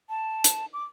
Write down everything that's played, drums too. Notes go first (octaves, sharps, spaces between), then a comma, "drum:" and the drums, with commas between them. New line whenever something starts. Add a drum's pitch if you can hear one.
A5
drum: hi-hat
D6